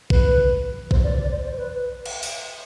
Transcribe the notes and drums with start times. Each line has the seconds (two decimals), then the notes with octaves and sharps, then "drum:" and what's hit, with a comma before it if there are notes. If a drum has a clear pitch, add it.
0.10 B4, drum: kick
0.91 C5, drum: kick
1.04 D5
1.18 D5
1.30 C5
1.44 C5
1.57 B4
2.06 drum: cymbal
2.23 drum: open hi-hat